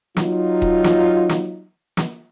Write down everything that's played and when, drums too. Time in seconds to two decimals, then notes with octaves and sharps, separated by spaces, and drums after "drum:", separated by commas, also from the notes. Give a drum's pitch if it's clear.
0.17 F#3 D#4 F4, drum: snare
0.62 drum: kick D#1
0.84 drum: snare
1.29 drum: snare
1.97 drum: snare